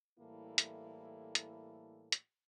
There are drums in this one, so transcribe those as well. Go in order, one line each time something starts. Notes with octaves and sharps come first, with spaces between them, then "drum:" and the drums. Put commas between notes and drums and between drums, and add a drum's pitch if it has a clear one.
A2 E3 G3 A#3 E4 A4
drum: hi-hat
drum: hi-hat
drum: hi-hat